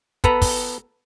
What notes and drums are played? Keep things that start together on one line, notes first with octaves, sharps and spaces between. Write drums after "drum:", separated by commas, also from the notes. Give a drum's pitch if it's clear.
B3 A4 B4 A#5, drum: kick, hi-hat
drum: kick, open hi-hat